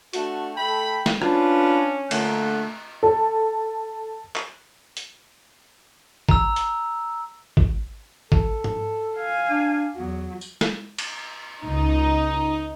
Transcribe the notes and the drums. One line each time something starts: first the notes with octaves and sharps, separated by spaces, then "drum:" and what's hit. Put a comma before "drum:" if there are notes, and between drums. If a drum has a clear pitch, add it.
A3 D4 F#4, drum: hi-hat
A3 A4 G5 B5
drum: snare
C#4 D4 F4 B4, drum: rim click
A#2 D3 A3 F#6, drum: cymbal
A4
drum: clap
drum: hi-hat
A#5 E6, drum: kick
drum: hi-hat
drum: kick
A4, drum: kick
drum: tom G#2
F5 G#5
D4
E2 F#3
drum: tambourine
drum: snare
drum: cymbal
C#2 D#4